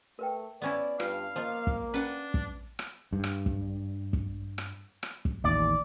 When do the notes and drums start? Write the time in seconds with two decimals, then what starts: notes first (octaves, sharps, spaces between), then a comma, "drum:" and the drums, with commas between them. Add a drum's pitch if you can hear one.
0.19 A3 A#4 B4 G5
0.62 B3 C#4 E4 D5
1.00 G2 F4 B4 F5, drum: rim click
1.36 F3 A#3 C5 D#5
1.67 drum: kick
1.94 C#4 D4 B4 F#5
2.34 drum: kick
2.79 drum: rim click
3.13 G2
3.24 drum: rim click
3.46 drum: kick
4.13 drum: kick
4.58 drum: rim click
5.03 drum: rim click
5.25 drum: kick
5.44 A1 D#2 D5